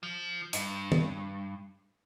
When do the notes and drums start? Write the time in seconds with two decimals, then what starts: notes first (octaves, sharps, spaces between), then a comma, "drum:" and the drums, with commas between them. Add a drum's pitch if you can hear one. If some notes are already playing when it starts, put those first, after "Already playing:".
0.03 F3
0.53 G2, drum: hi-hat
0.92 drum: tom